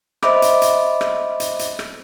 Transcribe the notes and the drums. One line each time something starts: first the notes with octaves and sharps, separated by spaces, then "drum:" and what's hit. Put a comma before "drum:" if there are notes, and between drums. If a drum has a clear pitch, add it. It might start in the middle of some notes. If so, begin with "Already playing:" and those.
C5 D#5 E5 B5 D6, drum: rim click
drum: hi-hat
drum: hi-hat
drum: rim click
drum: hi-hat
drum: hi-hat
drum: rim click